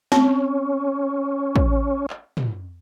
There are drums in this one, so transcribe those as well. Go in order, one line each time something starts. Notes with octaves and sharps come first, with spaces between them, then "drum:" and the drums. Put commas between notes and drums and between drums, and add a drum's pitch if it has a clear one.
C4 C#4, drum: snare
drum: kick
drum: clap
drum: tom